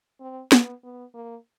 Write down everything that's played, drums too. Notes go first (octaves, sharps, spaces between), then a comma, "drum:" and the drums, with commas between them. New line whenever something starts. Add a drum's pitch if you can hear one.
C4
B3, drum: snare
B3
A#3